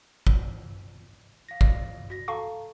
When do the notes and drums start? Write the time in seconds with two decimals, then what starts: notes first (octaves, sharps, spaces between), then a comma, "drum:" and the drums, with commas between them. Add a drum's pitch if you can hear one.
0.27 drum: kick
1.49 F5 A#6
1.61 drum: kick
2.10 F#4 A#6
2.28 A4 F5 A5 A#5 C#6